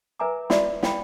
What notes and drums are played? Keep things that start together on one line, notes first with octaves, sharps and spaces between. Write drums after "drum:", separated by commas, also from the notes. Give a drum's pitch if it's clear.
A#4 B4 E5 G#5 A#5 D6
F#4 D5 E5 B5 C6, drum: snare
F5 G5 B5, drum: snare